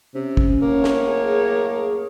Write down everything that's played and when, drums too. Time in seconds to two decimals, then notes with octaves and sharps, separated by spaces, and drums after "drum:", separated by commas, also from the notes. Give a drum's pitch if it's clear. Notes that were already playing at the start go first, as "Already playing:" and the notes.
0.15 C3 C#4
0.37 drum: kick
0.62 F#2 A2 A#3 C#5
0.84 drum: snare
1.07 G#4